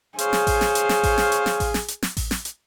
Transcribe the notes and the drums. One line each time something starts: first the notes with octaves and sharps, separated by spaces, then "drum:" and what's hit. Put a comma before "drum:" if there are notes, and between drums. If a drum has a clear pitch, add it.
G#4 C5 C#5 F5, drum: hi-hat
drum: snare
drum: kick A1, open hi-hat
drum: snare
drum: hi-hat
drum: snare
drum: kick A1, open hi-hat
drum: snare
drum: hi-hat
drum: snare
drum: kick A1, open hi-hat
drum: snare
drum: hi-hat
drum: snare
drum: kick A1, open hi-hat
drum: snare
drum: hi-hat